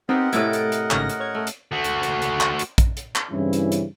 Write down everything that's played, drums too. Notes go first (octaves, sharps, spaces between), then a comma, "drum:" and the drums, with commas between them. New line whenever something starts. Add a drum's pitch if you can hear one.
B3 C4 D#4 G4 A#4 D#5 F#5
A2 C3 A3 E4 A6 D7, drum: hi-hat
drum: hi-hat
drum: hi-hat
G#1 C#3 C#4 A#6, drum: clap
drum: hi-hat
C#5 G#6
A3
drum: hi-hat
A3 F#4
drum: hi-hat
drum: hi-hat
drum: hi-hat
drum: clap
drum: hi-hat
drum: kick A#1, hi-hat
drum: hi-hat
drum: clap
G2 C#3 E3 C4 C#4 E4
drum: hi-hat
drum: hi-hat